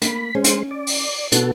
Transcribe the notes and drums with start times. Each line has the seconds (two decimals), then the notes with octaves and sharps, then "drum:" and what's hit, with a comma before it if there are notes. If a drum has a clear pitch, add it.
0.02 A#3 B5, drum: hi-hat
0.35 G#3 C#4 C5
0.44 drum: hi-hat
0.71 D5
0.87 drum: open hi-hat
1.32 B2 B3 F#4 A4, drum: hi-hat